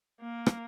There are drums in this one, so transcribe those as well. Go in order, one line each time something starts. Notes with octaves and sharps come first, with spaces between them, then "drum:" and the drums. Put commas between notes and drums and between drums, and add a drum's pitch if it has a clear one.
A#3
drum: rim click